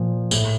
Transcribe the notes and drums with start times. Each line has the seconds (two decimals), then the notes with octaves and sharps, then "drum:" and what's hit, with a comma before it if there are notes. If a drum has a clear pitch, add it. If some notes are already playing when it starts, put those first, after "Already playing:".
Already playing: A#2 F3
0.31 A2, drum: tambourine